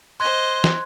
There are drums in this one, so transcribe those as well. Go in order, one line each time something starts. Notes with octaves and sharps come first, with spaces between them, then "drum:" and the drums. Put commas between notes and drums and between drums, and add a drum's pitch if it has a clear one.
C5 D#5 C6 F#6 G#6
drum: snare